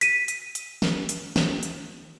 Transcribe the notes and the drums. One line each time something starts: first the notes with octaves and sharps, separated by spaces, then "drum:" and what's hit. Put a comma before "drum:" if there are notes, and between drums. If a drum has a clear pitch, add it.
B6 D#7, drum: hi-hat
drum: hi-hat
drum: hi-hat
drum: snare
drum: hi-hat
drum: snare
drum: hi-hat